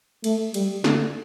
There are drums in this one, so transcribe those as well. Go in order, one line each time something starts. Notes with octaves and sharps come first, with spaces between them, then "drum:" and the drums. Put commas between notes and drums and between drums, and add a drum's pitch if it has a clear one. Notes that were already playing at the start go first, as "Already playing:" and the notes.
A3, drum: cymbal
G3, drum: cymbal
D3, drum: snare